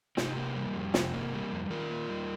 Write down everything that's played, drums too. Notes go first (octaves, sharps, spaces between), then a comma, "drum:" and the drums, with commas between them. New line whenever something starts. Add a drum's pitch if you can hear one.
C3 D#4 G4, drum: snare
A#3
G3
F2
C3, drum: snare
A#3
G3
F2
D#3 F4 A#4
A#3
G3